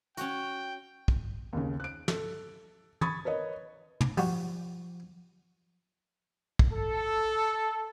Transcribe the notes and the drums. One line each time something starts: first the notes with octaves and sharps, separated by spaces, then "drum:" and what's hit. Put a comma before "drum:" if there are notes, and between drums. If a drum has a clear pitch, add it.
C#4 F#4 G5, drum: hi-hat
drum: kick
D#2 C#3
F#6 D7
A4, drum: snare
B5 C#6 D#6 G#6 A6, drum: tom
A#4 B4 C#5 D#5
drum: tom
F3 G3 F#4, drum: open hi-hat
drum: kick
A4